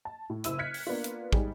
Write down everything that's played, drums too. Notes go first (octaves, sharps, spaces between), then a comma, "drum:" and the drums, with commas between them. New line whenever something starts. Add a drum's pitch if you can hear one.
A5
A2
F#1 E4 E6 D#7, drum: hi-hat
F6 F#6 G#6 B6 C#7
drum: open hi-hat
A#3 B3 D4 F4
drum: hi-hat
G#2 G3 G#4, drum: kick